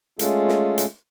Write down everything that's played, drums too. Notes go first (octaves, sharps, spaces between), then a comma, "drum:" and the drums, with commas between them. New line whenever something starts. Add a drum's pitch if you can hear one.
G#3 A3 C#4 F4 G#4 A4, drum: hi-hat
drum: snare
drum: hi-hat